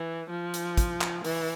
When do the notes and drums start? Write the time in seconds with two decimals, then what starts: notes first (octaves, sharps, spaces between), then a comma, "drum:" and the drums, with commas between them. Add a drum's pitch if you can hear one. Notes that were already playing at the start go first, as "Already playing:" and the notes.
Already playing: E3
0.30 F3
0.54 drum: hi-hat
0.77 drum: kick, hi-hat
1.01 drum: clap
1.24 E3, drum: open hi-hat